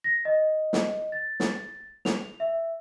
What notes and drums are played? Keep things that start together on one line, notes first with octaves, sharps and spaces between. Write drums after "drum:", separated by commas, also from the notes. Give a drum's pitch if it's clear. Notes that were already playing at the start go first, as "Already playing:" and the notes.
A#6
D#5
drum: snare
A6
drum: snare
F7, drum: snare
E5